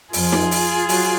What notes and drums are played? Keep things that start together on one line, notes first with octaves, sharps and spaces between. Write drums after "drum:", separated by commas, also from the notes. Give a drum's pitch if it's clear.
F2 F3 F4 G#4, drum: open hi-hat
drum: snare D#4
drum: open hi-hat
F#3, drum: open hi-hat